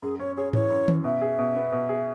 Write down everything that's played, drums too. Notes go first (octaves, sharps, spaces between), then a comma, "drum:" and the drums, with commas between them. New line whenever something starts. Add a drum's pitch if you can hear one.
F#2 G#4
C#4 C#5
G#4 C#5
E3 C#5, drum: tom G#2
F#2
C#4, drum: tom D#3
B2 E5
G#4
B2
B3
B2
G#4